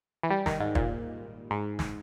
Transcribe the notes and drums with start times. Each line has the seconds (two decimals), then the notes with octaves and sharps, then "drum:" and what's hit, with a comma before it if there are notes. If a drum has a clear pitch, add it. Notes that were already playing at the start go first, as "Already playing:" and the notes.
0.23 E3
0.30 G3
0.46 D#3, drum: snare
0.60 G#2
0.75 A#2, drum: kick
1.51 G#2
1.79 drum: snare